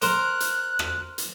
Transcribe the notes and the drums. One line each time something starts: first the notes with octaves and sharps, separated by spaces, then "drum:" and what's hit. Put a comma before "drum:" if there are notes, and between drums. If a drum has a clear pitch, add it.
A#4 C5 F#6, drum: hi-hat
drum: hi-hat
drum: rim click
drum: hi-hat